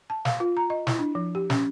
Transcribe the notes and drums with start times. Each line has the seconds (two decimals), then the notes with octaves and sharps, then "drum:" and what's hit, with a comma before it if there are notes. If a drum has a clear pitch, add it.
0.10 A5
0.25 F5, drum: snare
0.40 F4
0.57 A#5
0.70 D#5
0.87 E4, drum: snare
0.99 D4
1.15 F3
1.35 G4
1.50 C#4, drum: snare